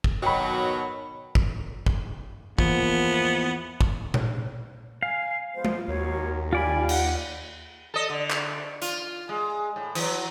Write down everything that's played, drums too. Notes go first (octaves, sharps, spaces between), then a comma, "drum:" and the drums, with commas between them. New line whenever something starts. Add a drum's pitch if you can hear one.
drum: kick
B2 D#3 F#3 G5 B5
drum: kick
drum: kick
E2 E3 F3 A#3 B3, drum: kick
drum: kick
drum: tom A#2
F5 G#5
F3 G#3 B3 C5
drum: tom G#3
D#2 F#4 A#4 C#5
F4 G4 D5 F5 G#5 B5
F#5, drum: cymbal
A4 D#5
D3
drum: clap
F4, drum: hi-hat
G#3
A2
E3 F#3, drum: cymbal